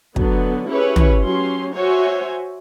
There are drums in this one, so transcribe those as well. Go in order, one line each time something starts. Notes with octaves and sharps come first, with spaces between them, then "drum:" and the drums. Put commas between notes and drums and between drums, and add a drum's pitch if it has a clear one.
D3 F#3 B3, drum: kick
C#4 E4 G4 G#4 B4 C#5
drum: tom
F#3 C#4 G4 C6
F#4 C5 C#5 E5 G#5